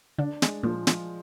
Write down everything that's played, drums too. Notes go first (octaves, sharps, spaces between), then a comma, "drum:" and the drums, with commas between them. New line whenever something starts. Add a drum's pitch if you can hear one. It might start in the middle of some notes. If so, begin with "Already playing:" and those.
D3 D4
G#3, drum: snare
A#2 F3
F3, drum: snare